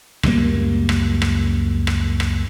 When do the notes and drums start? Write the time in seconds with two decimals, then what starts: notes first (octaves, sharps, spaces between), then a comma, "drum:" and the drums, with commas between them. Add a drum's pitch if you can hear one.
0.23 C#2 F#2 G3 A#3, drum: rim click
0.89 drum: rim click
1.22 drum: rim click
1.87 drum: rim click
2.20 drum: rim click